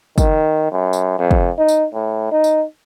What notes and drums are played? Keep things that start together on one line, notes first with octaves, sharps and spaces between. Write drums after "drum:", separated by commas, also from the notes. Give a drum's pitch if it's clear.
D#3, drum: kick, tambourine
F#2
drum: tambourine
F2
drum: kick
D#4
drum: tambourine
A2
D#4
drum: tambourine